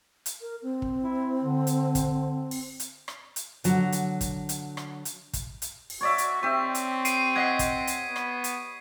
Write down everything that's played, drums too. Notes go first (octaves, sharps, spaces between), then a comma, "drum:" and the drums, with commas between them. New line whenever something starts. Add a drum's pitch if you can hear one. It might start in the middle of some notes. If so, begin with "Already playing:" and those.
drum: hi-hat
A#4
C4
drum: kick
E4
D3
drum: hi-hat
drum: kick, hi-hat
drum: open hi-hat
drum: hi-hat
drum: rim click
drum: hi-hat
D3 F#3, drum: hi-hat
drum: hi-hat
drum: kick, hi-hat
drum: hi-hat
drum: rim click
drum: hi-hat
drum: kick, hi-hat
drum: hi-hat
drum: open hi-hat
F#4 C#5 D5 E5
drum: hi-hat
C4 G4 E5 C#6
drum: hi-hat
C7 D7 D#7, drum: hi-hat
D#5 F#5 G#6 B6 C7
drum: kick, hi-hat
drum: hi-hat
B3
drum: rim click
drum: hi-hat